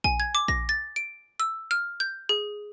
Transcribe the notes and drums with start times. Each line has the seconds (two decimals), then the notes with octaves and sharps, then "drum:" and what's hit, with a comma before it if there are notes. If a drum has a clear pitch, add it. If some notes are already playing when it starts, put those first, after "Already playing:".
0.04 G#5, drum: kick A#1
0.20 G#6
0.35 D6
0.48 A#6, drum: kick A#1
0.69 A6
0.96 D7
1.40 E6
1.71 F6
2.00 G6
2.29 G#4